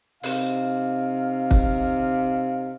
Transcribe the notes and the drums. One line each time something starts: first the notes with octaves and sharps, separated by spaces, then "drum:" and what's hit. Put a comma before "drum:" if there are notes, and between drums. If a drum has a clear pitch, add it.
C3 D#4 F5, drum: open hi-hat
drum: kick